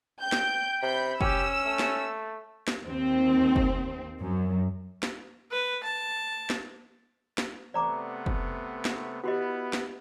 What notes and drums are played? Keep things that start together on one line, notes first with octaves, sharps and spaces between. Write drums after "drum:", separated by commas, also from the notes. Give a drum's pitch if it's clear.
G5 G6
drum: snare
C3 B5 G6
C#4 G4 E6, drum: kick
A3
drum: snare
drum: snare
D#2 C4
drum: kick
F#2
drum: snare
B4
A5
drum: snare
drum: snare
C3 A3 B3 D5 A#5 D6
drum: kick
drum: snare
B3 E4 F#4 G4 D#5
drum: snare